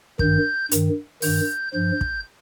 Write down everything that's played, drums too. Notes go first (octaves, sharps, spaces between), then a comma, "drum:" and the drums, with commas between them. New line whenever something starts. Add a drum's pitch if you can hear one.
G2 D#3 G6, drum: kick
G2 D#3, drum: hi-hat
G2 D#3 G6, drum: open hi-hat
G2 F3 G6
drum: kick